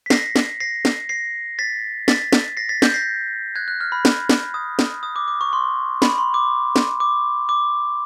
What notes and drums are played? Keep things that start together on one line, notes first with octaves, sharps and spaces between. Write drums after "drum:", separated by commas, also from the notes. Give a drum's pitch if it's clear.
B6
A#6 C7, drum: snare
drum: snare
A#6 C7
drum: snare
A#6 C7
A6 B6
A6 B6, drum: snare
drum: snare
A#6 C7
A6 B6
G6, drum: snare
A#6 C7
F#6 G#6
F#6
F6
B5
drum: snare
drum: snare
D#6
drum: snare
D#6
D6
D6
C#6
C6
B5, drum: snare
C6
D6
drum: snare
D6
D6